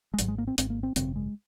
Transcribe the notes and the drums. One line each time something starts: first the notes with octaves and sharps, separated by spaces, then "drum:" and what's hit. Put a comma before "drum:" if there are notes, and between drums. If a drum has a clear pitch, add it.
G#3
G#1 G#2 F#3, drum: hi-hat
G#3
A#3
C4
G#1 G#2 C4, drum: hi-hat
A#3
C4
G#1 F#2 C#3 C4, drum: hi-hat
G#3